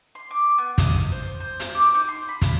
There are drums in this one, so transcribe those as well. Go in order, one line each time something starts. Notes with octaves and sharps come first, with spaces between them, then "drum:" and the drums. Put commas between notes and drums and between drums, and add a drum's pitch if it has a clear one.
C6
D6
B3
D#5, drum: kick, hi-hat
C5
C5
drum: hi-hat
D6
D#4
C6
B5
drum: kick, hi-hat